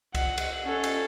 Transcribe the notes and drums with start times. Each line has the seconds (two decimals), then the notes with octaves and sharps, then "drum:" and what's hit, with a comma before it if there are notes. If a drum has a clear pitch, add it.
0.15 F#5, drum: kick C2, cymbal
0.38 drum: cymbal
0.64 C#4 A4
0.84 drum: cymbal